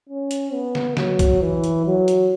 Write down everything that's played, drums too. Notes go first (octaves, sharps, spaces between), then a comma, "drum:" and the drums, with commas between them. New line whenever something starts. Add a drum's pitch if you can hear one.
C#4
drum: hi-hat
B3
drum: snare
F#3, drum: snare
drum: kick, hi-hat
E3
drum: hi-hat
F#3
drum: hi-hat